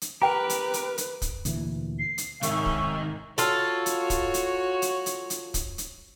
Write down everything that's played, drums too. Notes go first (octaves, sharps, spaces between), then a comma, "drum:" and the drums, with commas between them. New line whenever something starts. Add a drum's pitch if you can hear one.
drum: hi-hat
G4 A#4 B4 G5 A#5
drum: hi-hat
drum: hi-hat
drum: hi-hat
drum: kick, hi-hat
D2 A#2 E3, drum: hi-hat
C7
drum: hi-hat
C2 G#2 D#3 C#4 E5 C#6, drum: hi-hat
drum: kick
F4 F#4 A4 C#5, drum: hi-hat
drum: hi-hat
drum: kick, hi-hat
drum: hi-hat
drum: hi-hat
drum: hi-hat
drum: hi-hat
drum: kick, hi-hat
drum: hi-hat